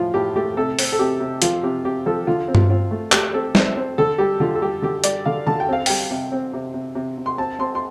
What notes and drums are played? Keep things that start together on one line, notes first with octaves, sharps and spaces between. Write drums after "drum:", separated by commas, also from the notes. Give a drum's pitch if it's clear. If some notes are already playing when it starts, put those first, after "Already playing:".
Already playing: A2 F3 F4
A2 G4
A3 G4
C3 A4
C4, drum: open hi-hat
A4
C3 G4
C3
F3 F4, drum: hi-hat
C3 G4
C3 G4
F3 A4
D3 F4
C4
F4, drum: tom G2
C4 F4
A3
A3 G4, drum: clap
C4 A4
C4 C5, drum: snare
C4 C5
D3 A4
G3 G4
D3 F4
A4
G3 G4
D3 G4
G3 D5, drum: hi-hat
D3 F5
D3 A5
G5
C4 F5
G3 G5, drum: open hi-hat
C3
C4
C3
C3
C3
C3
C6
C4 A5
C4 C6
C6